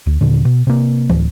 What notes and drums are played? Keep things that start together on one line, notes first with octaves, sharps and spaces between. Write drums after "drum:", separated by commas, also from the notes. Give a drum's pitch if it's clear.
D2
D#2 A#2 D3
B2
C3 A#3
D1, drum: tom